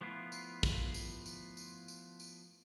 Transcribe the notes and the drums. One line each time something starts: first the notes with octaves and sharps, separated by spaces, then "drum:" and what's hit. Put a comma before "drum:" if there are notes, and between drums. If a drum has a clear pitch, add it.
F3 A3 B3 E4 F4
drum: tambourine
drum: kick, tambourine
drum: tambourine
drum: tambourine
drum: tambourine
drum: tambourine
drum: tambourine